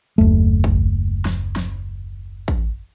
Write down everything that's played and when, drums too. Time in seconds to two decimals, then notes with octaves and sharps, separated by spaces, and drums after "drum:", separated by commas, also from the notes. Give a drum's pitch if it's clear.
0.18 F#1 D#2 A3
0.64 drum: kick A1
1.25 drum: snare
1.56 drum: snare
2.48 drum: kick A1